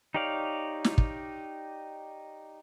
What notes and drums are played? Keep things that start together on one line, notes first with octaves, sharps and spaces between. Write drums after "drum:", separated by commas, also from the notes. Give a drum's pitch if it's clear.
D#4 G4 C#5 D5 F5
drum: snare
drum: kick